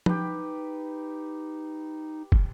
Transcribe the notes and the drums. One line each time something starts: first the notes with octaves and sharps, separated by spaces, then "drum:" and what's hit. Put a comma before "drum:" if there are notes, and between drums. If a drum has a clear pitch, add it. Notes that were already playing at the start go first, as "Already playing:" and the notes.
D#4 G4 B4, drum: tom F3
drum: kick